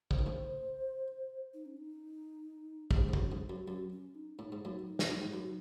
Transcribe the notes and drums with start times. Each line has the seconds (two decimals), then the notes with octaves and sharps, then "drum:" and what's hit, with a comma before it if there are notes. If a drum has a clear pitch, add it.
0.11 C#3 C5, drum: kick
0.19 D#3
0.26 A2 C#3
1.54 D#4
1.66 C#4
1.77 D#4
2.91 A2, drum: kick
2.96 G#2 C3 C#4
3.09 G#2
3.13 F#2 A2, drum: kick
3.20 C#4
3.32 G#2
3.50 F#2
3.67 F#2 C#4
3.91 C#4
4.15 D#4
4.38 A2 D#4 F4
4.52 G#2
4.65 F#2 A2
4.99 drum: snare
5.10 A2
5.22 G#2
5.34 F#2